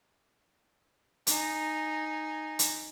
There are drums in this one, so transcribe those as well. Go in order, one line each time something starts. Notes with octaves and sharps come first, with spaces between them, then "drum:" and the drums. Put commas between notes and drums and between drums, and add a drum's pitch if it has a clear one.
D#4 G#5, drum: hi-hat
drum: hi-hat